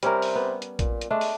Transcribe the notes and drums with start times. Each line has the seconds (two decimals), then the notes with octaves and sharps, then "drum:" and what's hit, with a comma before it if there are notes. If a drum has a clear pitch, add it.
0.03 C3 G3 C#4 A#4, drum: hi-hat
0.22 drum: open hi-hat
0.35 B3
0.62 drum: hi-hat
0.79 A#2, drum: kick A#1, hi-hat
1.01 drum: hi-hat
1.11 G#3 A3 D4
1.21 drum: open hi-hat